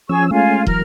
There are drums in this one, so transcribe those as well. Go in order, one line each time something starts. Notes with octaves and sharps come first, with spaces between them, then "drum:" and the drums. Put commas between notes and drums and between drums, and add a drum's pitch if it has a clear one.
F3 C#4 G#4 C#6 E6
G#3 A3 C#4 F4 F5 G#5
E3 F#3 A#4 F6, drum: kick